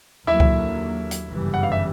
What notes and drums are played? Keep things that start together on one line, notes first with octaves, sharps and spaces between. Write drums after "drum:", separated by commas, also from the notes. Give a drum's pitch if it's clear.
D#2 D3 F#3 A#3 E4 E5
drum: kick C#2
drum: hi-hat
G1 F#2 C#3 E3 G3
F#5
F5
E5